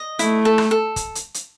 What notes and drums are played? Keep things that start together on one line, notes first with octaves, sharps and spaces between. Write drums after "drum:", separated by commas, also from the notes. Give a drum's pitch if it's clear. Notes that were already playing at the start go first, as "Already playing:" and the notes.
Already playing: D#5
A3 E4, drum: hi-hat
A4
drum: rim click
A4
drum: kick, hi-hat
drum: hi-hat
drum: hi-hat